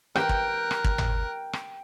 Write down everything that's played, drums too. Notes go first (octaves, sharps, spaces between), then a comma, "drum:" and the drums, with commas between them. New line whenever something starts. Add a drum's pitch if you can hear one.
A#4 G5 F#6, drum: rim click
drum: kick
drum: rim click
drum: kick
drum: tom G#1
drum: rim click